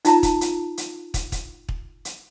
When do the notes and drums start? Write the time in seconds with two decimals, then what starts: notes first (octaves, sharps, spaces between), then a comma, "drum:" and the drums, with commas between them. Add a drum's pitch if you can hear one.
0.05 D#4 F4 A5 A#5, drum: hi-hat
0.23 drum: kick, hi-hat
0.41 drum: hi-hat
0.77 drum: hi-hat
1.14 drum: kick, hi-hat
1.32 drum: kick, hi-hat
1.69 drum: kick
2.05 drum: hi-hat